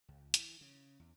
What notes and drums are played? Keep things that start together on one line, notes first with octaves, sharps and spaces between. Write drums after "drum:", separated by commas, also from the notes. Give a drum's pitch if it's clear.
C#2
E3, drum: hi-hat
C#3
E2